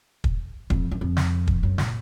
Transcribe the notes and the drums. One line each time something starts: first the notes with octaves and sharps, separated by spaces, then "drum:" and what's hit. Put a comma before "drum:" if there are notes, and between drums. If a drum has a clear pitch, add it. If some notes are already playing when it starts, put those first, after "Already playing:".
drum: kick
F2, drum: kick
F#2
F2
drum: snare
drum: kick
F#2
A#2, drum: snare